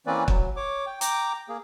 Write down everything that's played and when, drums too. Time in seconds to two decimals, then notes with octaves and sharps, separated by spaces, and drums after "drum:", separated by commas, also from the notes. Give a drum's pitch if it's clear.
0.07 E3 A#3 C4 C#4 B4 D5
0.28 F#3, drum: kick
0.56 C#5 D6
0.86 G5
1.01 G5 A#5 D6, drum: hi-hat
1.49 A#3 G#4